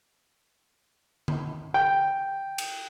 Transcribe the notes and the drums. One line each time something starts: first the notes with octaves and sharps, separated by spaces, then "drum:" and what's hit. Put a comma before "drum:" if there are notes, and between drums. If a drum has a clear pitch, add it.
drum: tom D3
G5
drum: cymbal